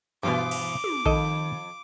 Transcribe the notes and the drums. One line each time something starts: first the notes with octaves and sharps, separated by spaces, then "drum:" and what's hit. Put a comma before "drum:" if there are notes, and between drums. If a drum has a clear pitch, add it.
G2 B2 E3 B3 C5 D6
drum: cymbal
drum: tom
F2 D#3 A4 D#5, drum: kick A#1